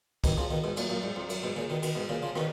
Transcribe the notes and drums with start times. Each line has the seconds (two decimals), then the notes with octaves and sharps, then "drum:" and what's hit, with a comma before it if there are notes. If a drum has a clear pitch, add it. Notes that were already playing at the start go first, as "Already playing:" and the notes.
0.24 B2 D#3, drum: kick, cymbal
0.37 C#3 F3
0.51 B2 D#3
0.64 G#2 B2
0.77 F#2 A#2, drum: cymbal
0.90 F#2 A#2
1.03 G#2
1.16 F2
1.29 F#2, drum: cymbal
1.43 G#2 B2
1.56 A#2 C#3
1.70 B2 D#3
1.83 B2 D#3, drum: cymbal
1.95 G#2 B2
2.09 A#2 C#3
2.23 C#3 F3
2.35 B2 D#3, drum: rim click